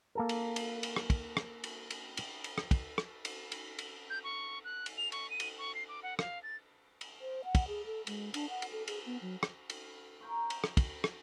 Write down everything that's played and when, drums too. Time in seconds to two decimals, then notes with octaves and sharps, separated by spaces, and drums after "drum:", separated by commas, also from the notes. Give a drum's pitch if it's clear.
0.15 A#3 A4 A#4
0.29 drum: cymbal
0.56 drum: cymbal
0.83 drum: cymbal
0.96 drum: rim click
1.10 drum: kick, cymbal
1.37 drum: rim click
1.64 drum: cymbal
1.90 drum: cymbal
2.17 drum: cymbal
2.44 drum: cymbal
2.58 drum: rim click
2.71 drum: kick, cymbal
2.98 drum: rim click
3.25 drum: cymbal
3.52 drum: cymbal
3.79 drum: cymbal
4.10 G6
4.24 C#6
4.64 F#6
4.86 drum: cymbal
4.98 F7
5.12 C#6, drum: cymbal
5.30 D#7
5.40 drum: cymbal
5.58 C#6
5.75 C7
5.88 D6
6.03 F#5
6.19 F5, drum: rim click
6.43 A6
7.01 drum: cymbal
7.21 C5
7.45 F#5
7.55 drum: kick, cymbal
7.68 G#4
7.86 A4
8.07 G#3, drum: cymbal
8.34 D4, drum: cymbal
8.50 F#5
8.62 drum: cymbal
8.73 A4
8.88 G#4, drum: cymbal
9.06 B3
9.22 F#3
9.43 drum: rim click
9.70 drum: cymbal
10.20 A#4 C5 C#6
10.50 drum: cymbal
10.64 drum: rim click
10.77 drum: kick, cymbal
11.04 drum: rim click